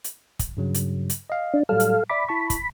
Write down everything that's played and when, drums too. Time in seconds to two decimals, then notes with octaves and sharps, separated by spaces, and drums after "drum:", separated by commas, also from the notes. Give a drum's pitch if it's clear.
0.04 drum: hi-hat
0.39 drum: kick, hi-hat
0.57 G2 C#3 F#3
0.74 drum: hi-hat
1.10 drum: hi-hat
1.30 D#5 F5
1.54 D4
1.69 A2 F#3 G3 A4 F5
1.80 drum: hi-hat
2.10 D5 E5 B5 D6
2.29 E4 A5 C#6
2.50 drum: kick, hi-hat